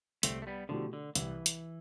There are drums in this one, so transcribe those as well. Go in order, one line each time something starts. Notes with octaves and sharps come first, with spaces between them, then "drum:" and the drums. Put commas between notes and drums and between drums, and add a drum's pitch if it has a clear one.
C2 A3 C4, drum: hi-hat
A3
G3 B3
B2 D3 F3 A3 E4 G4
D3
C2 E3, drum: hi-hat
drum: hi-hat